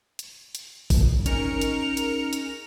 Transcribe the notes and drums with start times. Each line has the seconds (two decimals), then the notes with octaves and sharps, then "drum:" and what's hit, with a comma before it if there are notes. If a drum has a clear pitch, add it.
0.19 drum: hi-hat
0.55 drum: hi-hat
0.90 drum: kick, open hi-hat
1.26 C#4 D#4 G#4 A#4 C#7 F7, drum: hi-hat
1.61 drum: hi-hat
1.97 drum: hi-hat
2.33 drum: hi-hat